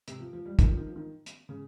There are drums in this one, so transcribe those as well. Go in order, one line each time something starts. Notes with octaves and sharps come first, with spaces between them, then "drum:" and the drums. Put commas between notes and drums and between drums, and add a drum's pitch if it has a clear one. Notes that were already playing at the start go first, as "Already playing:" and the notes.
C3, drum: hi-hat
F3
F3
G3
D#3, drum: kick, hi-hat
F3
D#3
F3
D#3
drum: hi-hat
C#3